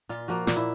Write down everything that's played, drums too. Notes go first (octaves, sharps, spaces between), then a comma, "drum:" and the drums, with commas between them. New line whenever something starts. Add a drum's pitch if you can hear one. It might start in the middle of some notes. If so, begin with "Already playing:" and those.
A#2 F4
F3 A#3 F#4
A#2, drum: snare
E4